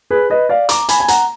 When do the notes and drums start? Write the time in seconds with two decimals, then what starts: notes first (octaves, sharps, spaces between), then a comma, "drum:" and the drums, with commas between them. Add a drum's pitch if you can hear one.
0.10 G#4 B4
0.30 B4 D#5
0.49 D5 F5
0.69 A#5 D6, drum: hi-hat
0.89 G#5 B5, drum: hi-hat
1.00 G#5
1.08 F#5 A#5, drum: hi-hat